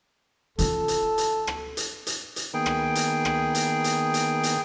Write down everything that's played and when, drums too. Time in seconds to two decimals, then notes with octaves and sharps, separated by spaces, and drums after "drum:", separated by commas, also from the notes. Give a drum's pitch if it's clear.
0.59 C#4 F4 A4, drum: hi-hat
0.88 drum: hi-hat
1.18 drum: hi-hat
1.47 drum: rim click
1.77 drum: hi-hat
2.07 drum: hi-hat
2.36 drum: hi-hat
2.54 D#3 A#3 B3 G#4 G5
2.66 drum: rim click
2.95 drum: hi-hat
3.25 drum: rim click
3.55 drum: hi-hat
3.84 drum: hi-hat
4.14 drum: hi-hat
4.43 drum: hi-hat